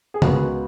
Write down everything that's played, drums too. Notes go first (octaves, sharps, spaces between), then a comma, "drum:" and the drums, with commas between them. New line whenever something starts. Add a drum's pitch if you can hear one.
G#4
C#2 C#3 G#3 B3 F#4 A#4, drum: tom